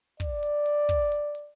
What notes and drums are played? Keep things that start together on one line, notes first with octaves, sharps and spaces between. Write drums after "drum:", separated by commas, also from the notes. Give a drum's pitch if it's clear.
D5, drum: kick, hi-hat
drum: hi-hat
drum: hi-hat
drum: kick, hi-hat
drum: hi-hat
drum: hi-hat